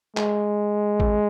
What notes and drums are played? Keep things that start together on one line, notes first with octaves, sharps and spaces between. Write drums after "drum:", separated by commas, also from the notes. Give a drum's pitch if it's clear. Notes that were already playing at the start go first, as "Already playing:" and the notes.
G#3, drum: clap
drum: kick A1